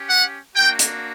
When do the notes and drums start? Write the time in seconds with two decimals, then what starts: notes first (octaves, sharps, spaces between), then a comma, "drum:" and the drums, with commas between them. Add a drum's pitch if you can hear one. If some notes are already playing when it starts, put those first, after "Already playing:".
Already playing: C#4 G4
0.10 F#5
0.56 A#3 D4 F#4 G5
0.79 drum: hi-hat